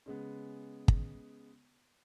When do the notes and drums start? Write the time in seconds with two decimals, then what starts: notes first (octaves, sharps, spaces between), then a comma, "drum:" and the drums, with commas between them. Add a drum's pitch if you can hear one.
0.06 C#3 G#3 B3
0.88 drum: kick